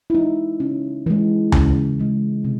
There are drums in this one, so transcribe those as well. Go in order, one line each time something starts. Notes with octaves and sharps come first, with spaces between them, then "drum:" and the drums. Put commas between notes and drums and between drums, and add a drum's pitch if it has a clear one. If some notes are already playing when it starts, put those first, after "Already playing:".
E4
E3 G#3 D#4
C#3 C#4
E3 G#3
C#3, drum: tom D2
E3 G#3
C3